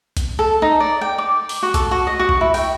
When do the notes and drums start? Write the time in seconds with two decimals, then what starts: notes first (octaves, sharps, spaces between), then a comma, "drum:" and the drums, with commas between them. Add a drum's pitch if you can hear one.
0.17 drum: kick B1, hi-hat
0.39 A4
0.62 D#4
0.80 D5
1.01 G5
1.18 D6
1.49 drum: open hi-hat
1.63 F#4
1.74 A4, drum: kick B1, hi-hat
1.91 F#4
2.07 D#5
2.20 F#4
2.29 drum: kick B1
2.41 E4
2.54 G5, drum: open hi-hat